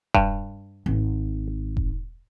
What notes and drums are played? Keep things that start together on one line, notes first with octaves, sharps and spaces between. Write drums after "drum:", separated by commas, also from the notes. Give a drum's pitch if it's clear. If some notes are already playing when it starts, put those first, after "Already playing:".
G2, drum: kick E1
G#1
drum: kick E1